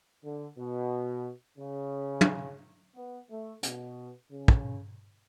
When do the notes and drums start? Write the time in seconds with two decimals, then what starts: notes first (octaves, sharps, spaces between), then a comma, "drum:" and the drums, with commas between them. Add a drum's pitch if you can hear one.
0.23 D3
0.57 B2
1.58 C#3
2.21 drum: tom
2.95 B3
3.29 A3
3.63 B2, drum: hi-hat
4.30 C#3
4.48 drum: kick